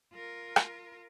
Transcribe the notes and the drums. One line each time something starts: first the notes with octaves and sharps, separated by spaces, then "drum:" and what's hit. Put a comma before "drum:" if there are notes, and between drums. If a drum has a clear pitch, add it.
F4 A#4
drum: rim click